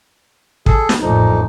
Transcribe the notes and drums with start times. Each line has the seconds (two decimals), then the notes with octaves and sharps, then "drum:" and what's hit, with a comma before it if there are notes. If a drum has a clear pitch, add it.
0.66 G#4 A4, drum: kick
0.89 drum: snare
1.01 A1 F2 A#2 F3 A3 D#4